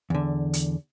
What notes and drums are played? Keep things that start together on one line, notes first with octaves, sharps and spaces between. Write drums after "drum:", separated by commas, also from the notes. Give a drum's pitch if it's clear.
E2 D3
drum: hi-hat